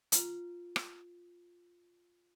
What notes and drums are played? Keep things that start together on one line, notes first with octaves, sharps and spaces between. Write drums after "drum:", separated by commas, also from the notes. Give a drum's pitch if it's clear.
F4 A#5, drum: hi-hat
drum: rim click